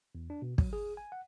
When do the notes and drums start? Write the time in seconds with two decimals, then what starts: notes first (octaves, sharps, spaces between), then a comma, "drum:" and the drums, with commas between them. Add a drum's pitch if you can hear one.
0.15 E2
0.30 D4
0.42 B2
0.58 F#3, drum: kick
0.73 G#4
0.97 G#5
1.12 F#5